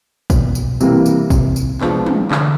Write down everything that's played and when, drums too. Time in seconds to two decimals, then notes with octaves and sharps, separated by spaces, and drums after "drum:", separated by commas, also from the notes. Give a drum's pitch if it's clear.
0.30 B2, drum: kick, tambourine
0.55 drum: tambourine
0.80 C3 E3 G3 A#3, drum: tambourine
1.06 drum: tambourine
1.30 C3, drum: kick, tambourine
1.56 drum: tambourine
1.81 F3 G#3 B3 D4, drum: clap
2.06 drum: tom
2.31 D3, drum: clap